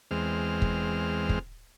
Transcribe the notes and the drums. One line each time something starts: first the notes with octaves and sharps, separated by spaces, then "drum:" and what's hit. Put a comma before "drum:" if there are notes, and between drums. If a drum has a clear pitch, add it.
E2 G#3 C4 F6
drum: kick
drum: kick